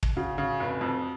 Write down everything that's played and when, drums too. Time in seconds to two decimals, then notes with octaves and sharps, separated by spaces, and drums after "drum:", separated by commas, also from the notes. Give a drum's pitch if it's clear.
0.03 drum: kick
0.16 C#3 F#4
0.38 C#3
0.60 F1
0.81 F2